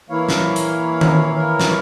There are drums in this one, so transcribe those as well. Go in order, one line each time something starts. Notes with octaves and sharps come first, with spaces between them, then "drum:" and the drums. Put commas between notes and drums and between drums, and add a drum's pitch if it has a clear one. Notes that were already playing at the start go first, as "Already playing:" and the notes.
E3 A#3 E4 C#5 F5
drum: snare
drum: hi-hat
drum: tom D#3
A#4 C#5
drum: snare